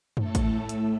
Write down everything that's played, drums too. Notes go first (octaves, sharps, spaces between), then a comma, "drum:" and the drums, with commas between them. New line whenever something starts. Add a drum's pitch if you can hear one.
A2 A3 A4, drum: tom F#2
drum: kick A1, hi-hat
drum: hi-hat